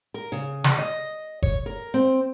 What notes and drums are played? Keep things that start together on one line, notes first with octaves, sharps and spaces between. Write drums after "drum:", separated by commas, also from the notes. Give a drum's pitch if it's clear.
A#4
C#3
drum: snare
D#5
C#5, drum: kick G1
A#4
C4